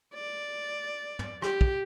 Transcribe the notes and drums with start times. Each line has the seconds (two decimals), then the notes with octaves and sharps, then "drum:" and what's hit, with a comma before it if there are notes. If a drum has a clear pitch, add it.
0.14 D5
1.19 drum: tom
1.42 G4, drum: rim click
1.61 drum: kick